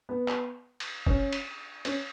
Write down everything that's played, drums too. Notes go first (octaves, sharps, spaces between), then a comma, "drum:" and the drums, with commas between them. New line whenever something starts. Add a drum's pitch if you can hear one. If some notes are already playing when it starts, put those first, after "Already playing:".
B3
drum: clap
drum: cymbal
C#4, drum: kick F1
drum: cymbal
C#4, drum: cymbal